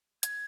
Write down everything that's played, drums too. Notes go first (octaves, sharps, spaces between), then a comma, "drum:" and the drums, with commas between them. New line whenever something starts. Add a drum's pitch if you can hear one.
G#6, drum: hi-hat